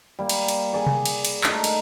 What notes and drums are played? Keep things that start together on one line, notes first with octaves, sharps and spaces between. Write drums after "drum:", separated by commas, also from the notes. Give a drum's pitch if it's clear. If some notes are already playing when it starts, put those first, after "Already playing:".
G3 A#3
drum: cymbal
drum: cymbal
G#4 D5 B5
drum: tom C3
drum: cymbal
drum: cymbal
A3 D#4, drum: clap
A#4, drum: cymbal